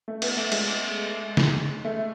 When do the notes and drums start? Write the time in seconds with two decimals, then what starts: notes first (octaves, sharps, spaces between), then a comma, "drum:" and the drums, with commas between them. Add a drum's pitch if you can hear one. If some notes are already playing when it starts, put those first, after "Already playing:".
0.08 A3
0.22 B3, drum: cymbal
0.37 A3
0.52 G#3, drum: cymbal
1.37 drum: snare
1.85 A3